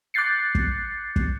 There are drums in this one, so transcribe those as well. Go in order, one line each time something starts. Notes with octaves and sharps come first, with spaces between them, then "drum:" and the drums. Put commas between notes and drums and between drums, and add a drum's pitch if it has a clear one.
D6 F#6 G6 A6 C7 C#7
drum: kick
drum: kick